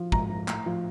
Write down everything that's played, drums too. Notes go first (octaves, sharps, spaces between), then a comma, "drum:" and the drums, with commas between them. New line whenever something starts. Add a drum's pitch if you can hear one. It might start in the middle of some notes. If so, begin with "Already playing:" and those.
Already playing: F3
G#2 A#5, drum: kick
F3
A2, drum: clap
F3